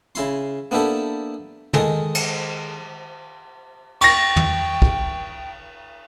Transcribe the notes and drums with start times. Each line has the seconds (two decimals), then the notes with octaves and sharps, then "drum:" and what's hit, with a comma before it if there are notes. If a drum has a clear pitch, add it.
0.15 C#3 E4 C6, drum: hi-hat
0.71 A#3 B3 D4 E4 G4 A4
1.74 D#3 G#3 G#4 A4, drum: tom
2.15 drum: cymbal
4.01 G5 C#6 A#6, drum: cymbal
4.36 drum: tom
4.82 drum: kick